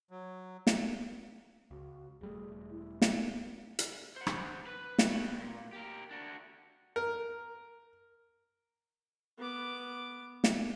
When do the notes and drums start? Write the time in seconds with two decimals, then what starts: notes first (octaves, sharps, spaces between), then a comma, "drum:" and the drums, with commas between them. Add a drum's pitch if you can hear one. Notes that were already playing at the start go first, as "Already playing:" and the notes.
0.11 F#3
0.67 drum: snare
1.71 C#2 F#4
2.21 E1 G3 A3 G#4
2.70 E4
3.02 drum: snare
3.79 drum: hi-hat
4.16 C5 F#5
4.27 drum: rim click
4.66 B4 B5
4.99 drum: snare
5.11 G3 F#4
5.40 A#2
5.73 G4 A#4
6.11 D4 F#4
6.96 A#4
9.38 B3 D6
10.44 drum: snare